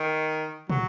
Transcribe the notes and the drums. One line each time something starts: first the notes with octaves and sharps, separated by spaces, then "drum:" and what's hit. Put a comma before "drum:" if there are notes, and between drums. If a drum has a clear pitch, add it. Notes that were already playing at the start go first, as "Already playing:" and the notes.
Already playing: D#3
F#3, drum: tom